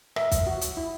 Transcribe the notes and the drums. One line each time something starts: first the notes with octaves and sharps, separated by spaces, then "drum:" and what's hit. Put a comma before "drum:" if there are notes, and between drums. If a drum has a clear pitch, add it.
A#4 E5, drum: rim click
drum: kick, hi-hat
F#4
drum: hi-hat
E4